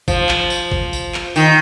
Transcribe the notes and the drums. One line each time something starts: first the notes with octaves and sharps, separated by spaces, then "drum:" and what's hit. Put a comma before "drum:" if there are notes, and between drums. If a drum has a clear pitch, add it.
F3, drum: kick, tambourine
drum: clap
drum: tambourine
drum: kick
drum: tambourine
drum: clap
D#3, drum: tambourine